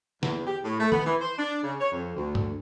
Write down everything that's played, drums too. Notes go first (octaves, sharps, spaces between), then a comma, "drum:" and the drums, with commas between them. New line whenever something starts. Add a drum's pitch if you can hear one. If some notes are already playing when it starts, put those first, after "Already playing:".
E2, drum: snare
G4
A2
A3
B3, drum: tom
E3
C5
D4
C#3
C#5
F2
D2
drum: tom